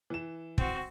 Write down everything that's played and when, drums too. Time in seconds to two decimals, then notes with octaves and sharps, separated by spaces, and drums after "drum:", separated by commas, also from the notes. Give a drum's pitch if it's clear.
0.10 E3 E7
0.58 C4 F#4, drum: kick